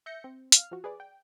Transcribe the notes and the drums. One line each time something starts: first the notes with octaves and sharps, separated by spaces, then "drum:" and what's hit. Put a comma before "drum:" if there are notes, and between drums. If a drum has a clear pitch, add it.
E5 G6 A#6 C#7
C4
F5 F6, drum: hi-hat
F3 F#4
G#4 B4 D5
G5